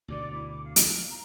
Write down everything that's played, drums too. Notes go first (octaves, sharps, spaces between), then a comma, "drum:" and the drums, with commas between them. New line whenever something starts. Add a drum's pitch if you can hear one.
D2 B2 D3 D5 D6
E4 D6
D6
F5
drum: hi-hat
A#5